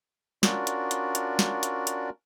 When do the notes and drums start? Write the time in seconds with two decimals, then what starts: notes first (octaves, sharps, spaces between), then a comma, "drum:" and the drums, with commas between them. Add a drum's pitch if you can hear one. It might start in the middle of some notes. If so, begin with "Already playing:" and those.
0.43 C#4 D4 F4 F#4 A#4 D5, drum: snare
0.67 drum: hi-hat
0.91 drum: hi-hat
1.15 drum: hi-hat
1.39 drum: snare
1.63 drum: hi-hat
1.87 drum: hi-hat